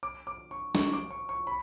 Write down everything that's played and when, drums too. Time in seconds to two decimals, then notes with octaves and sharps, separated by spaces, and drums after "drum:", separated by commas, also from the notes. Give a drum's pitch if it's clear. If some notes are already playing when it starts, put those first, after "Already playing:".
0.03 D6
0.27 D6
0.51 C#6
0.75 C#6, drum: snare
0.93 D6
1.11 C#6
1.29 C#6
1.47 B5